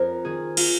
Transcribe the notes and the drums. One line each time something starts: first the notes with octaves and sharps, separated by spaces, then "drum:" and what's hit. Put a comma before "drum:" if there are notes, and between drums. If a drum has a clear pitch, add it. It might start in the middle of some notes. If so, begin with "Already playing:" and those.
Already playing: F2 A#4 C5
D#3 G#4
F4, drum: cymbal